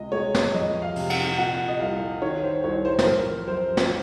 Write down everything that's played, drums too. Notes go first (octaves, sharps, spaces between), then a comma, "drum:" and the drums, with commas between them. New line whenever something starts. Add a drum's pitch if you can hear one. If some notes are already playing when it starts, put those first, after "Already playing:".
Already playing: C#2 C3 D#5
G#3 C#5
drum: snare
F2 D#5
F5
C3, drum: open hi-hat
F#5, drum: cymbal
A#2 F#5
D#5
C2 F5
D#3 C#5
C5
C2 C#5
C5
C5, drum: snare
F3 A#4
F#2 C5
drum: snare